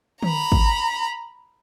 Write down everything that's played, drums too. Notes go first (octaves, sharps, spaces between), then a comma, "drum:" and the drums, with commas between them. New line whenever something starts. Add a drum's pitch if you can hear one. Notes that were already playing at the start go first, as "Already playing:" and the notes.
A#5 B5, drum: tom
drum: kick